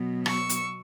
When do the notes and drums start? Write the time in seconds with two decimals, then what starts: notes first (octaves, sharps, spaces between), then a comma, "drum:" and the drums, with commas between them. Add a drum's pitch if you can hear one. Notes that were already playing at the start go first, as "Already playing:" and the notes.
Already playing: B2 F#3 B3
0.26 C#6 E6, drum: rim click
0.49 drum: hi-hat